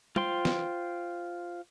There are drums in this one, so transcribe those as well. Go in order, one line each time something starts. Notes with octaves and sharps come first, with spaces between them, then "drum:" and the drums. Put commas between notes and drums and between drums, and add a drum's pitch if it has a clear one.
F4 C5 G5 C6, drum: tom
drum: snare